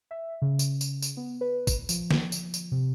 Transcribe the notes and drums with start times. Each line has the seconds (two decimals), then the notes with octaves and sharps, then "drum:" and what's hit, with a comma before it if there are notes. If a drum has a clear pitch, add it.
0.11 E5
0.42 C#3
0.59 drum: tambourine
0.81 drum: tambourine
1.02 drum: tambourine
1.17 B3
1.41 B4
1.67 drum: kick G#1, tambourine
1.89 F3, drum: tambourine
2.11 drum: snare
2.32 drum: tambourine
2.54 drum: tambourine
2.72 C3